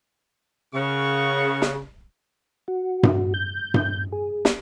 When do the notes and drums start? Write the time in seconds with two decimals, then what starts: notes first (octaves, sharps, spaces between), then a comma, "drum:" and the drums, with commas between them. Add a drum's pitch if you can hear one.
0.74 C#3 A#4 F#5 C#6
1.62 drum: snare
2.68 F#4
3.03 drum: tom G2
3.34 G6
3.74 drum: tom G2
4.12 G#4
4.45 drum: snare